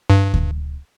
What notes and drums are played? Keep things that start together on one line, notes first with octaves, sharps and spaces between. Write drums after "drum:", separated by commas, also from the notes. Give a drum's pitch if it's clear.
G2
drum: kick D2